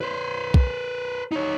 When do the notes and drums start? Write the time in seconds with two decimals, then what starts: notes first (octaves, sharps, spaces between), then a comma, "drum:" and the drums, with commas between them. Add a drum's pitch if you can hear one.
0.01 B4 C5
0.54 drum: kick
1.32 D#4 C#5